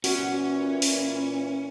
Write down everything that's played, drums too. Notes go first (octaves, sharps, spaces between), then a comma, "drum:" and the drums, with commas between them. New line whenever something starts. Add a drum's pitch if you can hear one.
A#2 E3 C#4 F#4, drum: open hi-hat
drum: open hi-hat